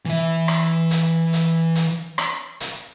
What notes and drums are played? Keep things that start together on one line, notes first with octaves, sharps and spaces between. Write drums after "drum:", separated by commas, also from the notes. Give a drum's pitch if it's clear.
E3 E5
drum: rim click
drum: hi-hat
drum: hi-hat
drum: hi-hat
drum: rim click
drum: hi-hat